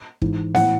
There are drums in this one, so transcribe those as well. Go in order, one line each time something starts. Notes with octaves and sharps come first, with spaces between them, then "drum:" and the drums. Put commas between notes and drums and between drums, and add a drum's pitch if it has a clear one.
G#2 E3, drum: kick
A2 E3 F#5, drum: snare B3